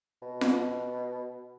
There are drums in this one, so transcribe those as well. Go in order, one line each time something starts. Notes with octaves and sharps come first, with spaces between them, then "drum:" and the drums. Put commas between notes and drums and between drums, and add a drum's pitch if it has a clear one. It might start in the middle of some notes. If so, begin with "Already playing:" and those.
B2
drum: snare F4